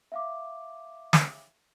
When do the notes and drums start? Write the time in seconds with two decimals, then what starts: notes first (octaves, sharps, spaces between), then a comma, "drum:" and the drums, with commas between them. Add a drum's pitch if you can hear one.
0.12 E5 F5 D6
1.13 drum: snare